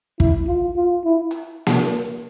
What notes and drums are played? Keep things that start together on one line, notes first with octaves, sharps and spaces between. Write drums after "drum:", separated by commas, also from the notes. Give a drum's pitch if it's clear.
E4, drum: kick
F4
F4
E4
drum: hi-hat
drum: snare A#3